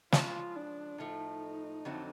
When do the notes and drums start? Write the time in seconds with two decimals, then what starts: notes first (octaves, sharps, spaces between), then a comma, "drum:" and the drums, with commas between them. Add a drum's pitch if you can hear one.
0.12 C#3 F3 G#3 F4, drum: snare
0.56 D4
0.98 A2 F3 A3 D#4
1.85 F2 D3 F#3 A3 C4